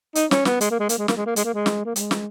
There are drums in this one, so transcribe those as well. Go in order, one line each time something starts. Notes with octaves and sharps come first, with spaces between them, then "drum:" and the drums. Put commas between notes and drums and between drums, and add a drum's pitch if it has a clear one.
D#4, drum: hi-hat
C#4, drum: snare
B3, drum: snare
G#3, drum: hi-hat
A#3
G#3
A#3, drum: hi-hat
G#3
A#3, drum: snare
G#3
A#3
G#3, drum: hi-hat
A#3
G#3
drum: snare
A#3
G#3, drum: hi-hat
drum: snare